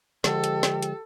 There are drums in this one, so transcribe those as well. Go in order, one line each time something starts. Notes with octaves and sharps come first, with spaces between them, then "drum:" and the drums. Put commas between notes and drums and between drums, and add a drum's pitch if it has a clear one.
D3 F3 G#3 G4 A4, drum: snare
drum: hi-hat
drum: snare
drum: hi-hat